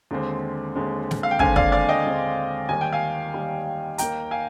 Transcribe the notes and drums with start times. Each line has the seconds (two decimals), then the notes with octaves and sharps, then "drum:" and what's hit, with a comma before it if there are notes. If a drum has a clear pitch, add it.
0.11 D#2 D3 G#3 C4
0.75 D#2 D3 G#3 C4
1.11 drum: snare
1.23 F5
1.31 G5
1.39 D#2 D3 G#3 C4 F5 G#5, drum: kick
1.56 D5 F5, drum: kick
1.72 D5 F5
1.89 D#5 G5
2.05 D#2 D3 G#3 C4
2.69 D#2 D#3 G3 G#5
2.81 G5
2.93 F5 G#5
3.34 D#2 D#3 G3
3.98 D#2 D#3 A#3 G5 A#5, drum: hi-hat
4.31 F5 G#5